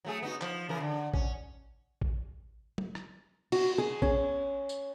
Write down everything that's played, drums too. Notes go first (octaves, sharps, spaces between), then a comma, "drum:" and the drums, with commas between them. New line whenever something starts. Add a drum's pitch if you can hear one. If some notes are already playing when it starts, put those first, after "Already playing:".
F#3 A3 G#4
B3 D#4 F#4
F3, drum: clap
C#3 E3 A#4
D3
C#4, drum: kick A1
drum: kick A1
drum: tom
drum: rim click
F#4, drum: cymbal
G#4
C#4, drum: kick A1
drum: tambourine